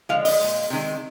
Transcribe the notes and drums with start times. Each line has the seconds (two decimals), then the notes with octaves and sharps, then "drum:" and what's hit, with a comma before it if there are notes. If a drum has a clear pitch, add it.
0.09 D3 F3 G#3 F5
0.25 D#5, drum: open hi-hat
0.40 A#2 G#3
0.70 C3 D#3 G#3